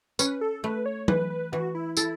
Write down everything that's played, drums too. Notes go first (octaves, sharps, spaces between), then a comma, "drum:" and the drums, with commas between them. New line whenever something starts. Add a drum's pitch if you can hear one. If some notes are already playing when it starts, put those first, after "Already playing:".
C#4 B4, drum: tambourine
A4
A3 B4
C#5
E3 B4, drum: tom F#3
B4
E3 F#4
E4
E4 A4, drum: tambourine